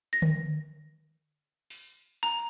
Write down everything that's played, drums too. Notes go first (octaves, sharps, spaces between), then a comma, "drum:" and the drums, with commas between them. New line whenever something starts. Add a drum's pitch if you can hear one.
A#6
drum: tom D3
drum: open hi-hat
A#5, drum: hi-hat